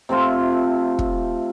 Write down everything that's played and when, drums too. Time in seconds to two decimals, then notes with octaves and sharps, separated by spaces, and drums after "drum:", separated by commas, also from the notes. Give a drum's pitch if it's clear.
0.09 C3 A3 C4 F4
0.99 drum: kick